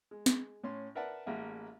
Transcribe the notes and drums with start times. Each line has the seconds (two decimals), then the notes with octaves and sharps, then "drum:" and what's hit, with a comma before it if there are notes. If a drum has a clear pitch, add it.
0.11 G#3
0.26 drum: snare
0.64 A2 C#4 C6
0.95 A#4 B4 D5 E5 F#5 A5
1.26 A1 G#3 A#3 E5 F#5